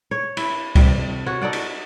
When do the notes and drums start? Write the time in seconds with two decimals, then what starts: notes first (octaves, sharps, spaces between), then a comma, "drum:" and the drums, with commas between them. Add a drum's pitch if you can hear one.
0.11 C#5
0.37 E4, drum: cymbal
0.75 C3 G3, drum: kick C2, cymbal
1.26 F#4 C#5
1.41 D#4 A4 D5 F#5
1.53 drum: cymbal